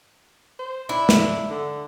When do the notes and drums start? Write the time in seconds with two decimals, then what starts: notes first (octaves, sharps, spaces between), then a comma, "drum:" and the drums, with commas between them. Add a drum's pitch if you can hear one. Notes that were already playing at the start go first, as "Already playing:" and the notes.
0.59 C5
0.89 D4 E4
1.09 drum: snare
1.50 D3